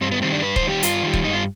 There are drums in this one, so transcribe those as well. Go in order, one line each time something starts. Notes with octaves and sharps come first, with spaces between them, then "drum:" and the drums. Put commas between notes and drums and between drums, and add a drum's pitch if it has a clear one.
G2 C4
B3
D#3 G3 C4
D4
G2 B4
C5, drum: kick
D#3
G3 G4
G2 F4, drum: hi-hat
D#3 G3
drum: kick
G2 D#4
F4